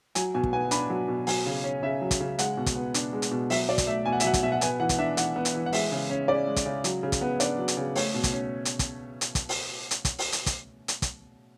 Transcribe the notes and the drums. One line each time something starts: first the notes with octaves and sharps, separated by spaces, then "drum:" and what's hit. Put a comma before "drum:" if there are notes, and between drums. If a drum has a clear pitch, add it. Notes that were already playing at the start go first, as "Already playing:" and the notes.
F#3 G#5, drum: hi-hat
B2 G#5
drum: kick
B3 G#5
D4 B5, drum: hi-hat
F#3
B2
F#3 G#5, drum: open hi-hat
C#3
C#4
C#3 E5
F#3
drum: kick, hi-hat
C#3
G#3 F#5, drum: hi-hat
B2
drum: kick, hi-hat
B3
D4, drum: hi-hat
G#3
drum: hi-hat
B2
F#3 E5, drum: open hi-hat
B2 D5
drum: kick, hi-hat
A3 E5
B2 G#5
F#5
E5, drum: hi-hat
F#3 F#5
drum: kick, hi-hat
B2 E5
F#5
B3 G#5, drum: hi-hat
E3 F#5
drum: kick, hi-hat
D4 E5
E3 F#5, drum: hi-hat
B3
drum: hi-hat
E3
F#5
G#3 E5, drum: open hi-hat
C#3
C#4
C#3 D5
G#3
drum: kick, hi-hat
C#3
F#3, drum: hi-hat
C#3
drum: kick, hi-hat
B3
D4 D5, drum: hi-hat
F#3
drum: hi-hat
C#3
A3 C#5, drum: open hi-hat
B2
drum: kick, hi-hat
C#4
drum: hi-hat
drum: kick, hi-hat
drum: hi-hat
drum: kick, hi-hat
drum: open hi-hat
drum: hi-hat
drum: kick, hi-hat
drum: open hi-hat
drum: hi-hat
drum: kick, hi-hat
drum: hi-hat
drum: kick, hi-hat